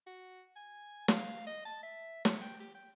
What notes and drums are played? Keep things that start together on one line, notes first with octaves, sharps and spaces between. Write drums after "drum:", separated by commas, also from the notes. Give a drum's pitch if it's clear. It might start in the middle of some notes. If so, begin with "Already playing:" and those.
F#4
G#5
F5, drum: snare
D#5
A5
E5
C#5, drum: snare
G5
G4
G5